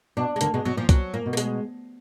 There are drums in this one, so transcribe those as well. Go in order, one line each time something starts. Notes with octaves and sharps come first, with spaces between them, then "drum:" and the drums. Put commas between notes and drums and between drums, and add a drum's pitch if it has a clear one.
B2 D4
G#3
D2 D3 A#3, drum: hi-hat
B2 G#3
B2 F#3
A#2 F3
A#2 F#3, drum: kick, hi-hat
A#2 A#3
B2
A#3
G#3, drum: hi-hat